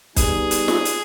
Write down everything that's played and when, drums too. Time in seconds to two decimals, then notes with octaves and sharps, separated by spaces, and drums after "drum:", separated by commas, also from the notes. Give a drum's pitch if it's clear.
0.16 G3 B3 D#4 G#4, drum: kick, hi-hat
0.51 drum: hi-hat
0.68 drum: snare
0.85 drum: hi-hat